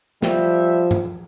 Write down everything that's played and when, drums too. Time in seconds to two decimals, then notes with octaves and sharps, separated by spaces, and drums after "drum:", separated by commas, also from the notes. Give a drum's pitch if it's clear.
0.22 F3 G3 G4 E5, drum: snare
0.91 drum: tom G2